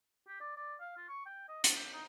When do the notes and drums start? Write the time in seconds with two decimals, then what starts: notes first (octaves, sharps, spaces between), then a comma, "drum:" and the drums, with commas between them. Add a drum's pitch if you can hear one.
0.28 G4
0.40 D5
0.57 D5
0.80 F5
0.97 F4
1.09 C#6
1.26 G5
1.49 D#5
1.64 F4, drum: hi-hat
1.76 G4
1.93 D#4